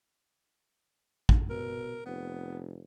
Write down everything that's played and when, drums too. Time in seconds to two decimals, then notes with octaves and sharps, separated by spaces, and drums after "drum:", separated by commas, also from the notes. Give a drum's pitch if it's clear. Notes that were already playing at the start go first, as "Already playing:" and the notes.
1.29 drum: kick A1
1.50 B2 A#4
2.06 F1 B3